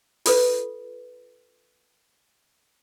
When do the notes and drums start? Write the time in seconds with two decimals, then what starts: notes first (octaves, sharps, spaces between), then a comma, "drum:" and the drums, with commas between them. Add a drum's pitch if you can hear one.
0.26 F4 A4 B4, drum: open hi-hat